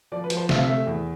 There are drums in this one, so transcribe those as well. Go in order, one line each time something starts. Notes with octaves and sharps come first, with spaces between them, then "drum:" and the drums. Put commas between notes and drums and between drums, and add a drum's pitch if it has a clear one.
F3 D5
B4
F3, drum: hi-hat
C5
C3 E5, drum: snare
F5
A3 E5
E2